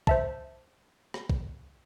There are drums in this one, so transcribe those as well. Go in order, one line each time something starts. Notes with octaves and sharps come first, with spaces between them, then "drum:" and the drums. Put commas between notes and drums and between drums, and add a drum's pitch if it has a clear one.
C5 E5 A5, drum: kick
drum: rim click
drum: kick